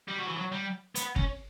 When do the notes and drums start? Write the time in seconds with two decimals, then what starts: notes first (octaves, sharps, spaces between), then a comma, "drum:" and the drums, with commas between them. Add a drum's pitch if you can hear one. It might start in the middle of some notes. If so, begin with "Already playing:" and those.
0.08 G3
0.18 F#3
0.28 E3
0.37 F#3
0.52 G3
0.95 B3, drum: hi-hat
1.16 C#4, drum: kick